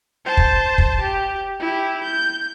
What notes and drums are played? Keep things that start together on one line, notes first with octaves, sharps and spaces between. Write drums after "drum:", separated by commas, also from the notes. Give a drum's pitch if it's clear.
C5 A5
drum: kick
drum: kick
G4
E4 G4
G6